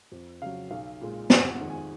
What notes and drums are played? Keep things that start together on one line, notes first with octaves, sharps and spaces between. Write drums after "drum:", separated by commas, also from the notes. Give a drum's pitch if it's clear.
F2
C#3 F#3 F5
B1 F5
A#2 G#3
F2 F#5, drum: snare
F#5
D#3 G#3
G#5